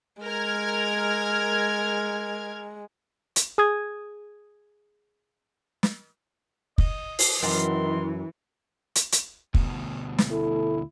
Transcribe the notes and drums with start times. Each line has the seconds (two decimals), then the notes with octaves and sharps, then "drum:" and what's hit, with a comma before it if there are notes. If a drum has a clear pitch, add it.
0.22 G#3 A#4 F6 G#6
3.36 drum: hi-hat
3.58 G#4 D#6 G#6
5.83 drum: snare
6.78 D#5, drum: kick
7.19 drum: open hi-hat
7.43 F#2 D#3 E3 C6
8.95 drum: hi-hat
9.12 drum: hi-hat
9.54 D2 B2, drum: kick
10.18 drum: snare
10.31 E4 A4